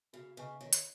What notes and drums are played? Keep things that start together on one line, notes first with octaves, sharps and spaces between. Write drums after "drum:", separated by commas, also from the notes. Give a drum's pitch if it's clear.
C#3 F#4
C#3 B4 D#5 G#5 C#6
D#3 C#5
drum: hi-hat